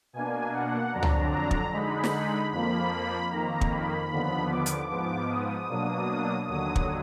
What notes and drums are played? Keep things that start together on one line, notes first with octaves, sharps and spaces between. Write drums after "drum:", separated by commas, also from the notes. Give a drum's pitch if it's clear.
B2 A#3 D4 G#5
F#5
F2 D3 F#3 D4 A#5
drum: tom C#2
A#5
drum: kick
D3 G#3 D#4 B5
drum: snare
F2 F3 A#3 B5
F2 D#3 A#3 A#5
drum: kick
B5
D#2 D3 F3 B3
D6
drum: hi-hat
G#2 F3 B3 D6
D#6
B2 F#3 A#3 D4
D#2 D3 F#3 D#6
drum: kick